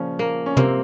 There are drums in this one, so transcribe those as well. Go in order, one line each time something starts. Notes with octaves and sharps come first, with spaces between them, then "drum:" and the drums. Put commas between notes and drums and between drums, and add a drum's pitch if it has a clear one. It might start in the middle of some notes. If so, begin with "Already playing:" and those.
Already playing: A#2 C#3 F3 C#4
A#3
C#4
C3 A#3 C4, drum: tom